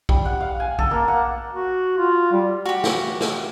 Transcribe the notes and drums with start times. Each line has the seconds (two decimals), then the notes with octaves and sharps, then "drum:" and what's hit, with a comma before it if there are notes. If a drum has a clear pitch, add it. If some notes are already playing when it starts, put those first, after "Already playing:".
0.09 G3, drum: kick B1
0.25 F#5
0.41 F5
0.60 G#5
0.79 A4, drum: kick B1
0.91 A#3
1.08 F#5
1.54 F#4
1.98 F4
2.32 G3
2.66 F#4 G4
2.84 drum: snare
3.21 drum: snare